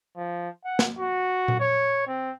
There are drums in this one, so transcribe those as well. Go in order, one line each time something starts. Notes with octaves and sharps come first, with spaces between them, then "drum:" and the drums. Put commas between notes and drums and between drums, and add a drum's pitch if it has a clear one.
F3
F#5
drum: snare
F#4
drum: tom A#2
C#5
C4